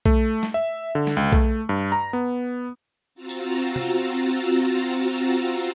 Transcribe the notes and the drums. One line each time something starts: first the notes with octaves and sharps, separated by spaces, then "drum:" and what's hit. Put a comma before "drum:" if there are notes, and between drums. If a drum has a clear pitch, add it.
A3, drum: kick B1
drum: snare
E5
D3
drum: snare
C#2
A3, drum: kick B1
G2
A#5
B3
C4 F4 F#4 A#5 E6 A6
drum: tambourine
drum: tom